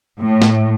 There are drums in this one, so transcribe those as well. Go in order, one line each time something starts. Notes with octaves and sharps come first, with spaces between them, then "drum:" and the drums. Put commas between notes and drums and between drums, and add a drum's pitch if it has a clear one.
A2
drum: snare